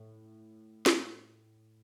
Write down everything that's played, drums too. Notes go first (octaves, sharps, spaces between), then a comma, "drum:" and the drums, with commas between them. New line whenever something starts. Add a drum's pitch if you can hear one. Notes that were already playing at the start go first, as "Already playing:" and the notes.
Already playing: A2
drum: snare